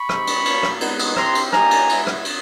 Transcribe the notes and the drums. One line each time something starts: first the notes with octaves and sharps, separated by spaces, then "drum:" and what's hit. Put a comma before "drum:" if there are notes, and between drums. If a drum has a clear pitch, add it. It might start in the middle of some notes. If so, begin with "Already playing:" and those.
Already playing: B5 C#6
G#3 C4 D#4 G4, drum: rim click
drum: cymbal
A#3 C#4 F#4, drum: cymbal
drum: rim click
G#3 B3 D#4, drum: cymbal
drum: cymbal
C4 E4 G4 A#5 C6, drum: rim click
drum: cymbal
A#3 D#4 G4 G#5 A#5, drum: rim click
drum: cymbal
G#3 B3 E4, drum: cymbal
drum: rim click
drum: cymbal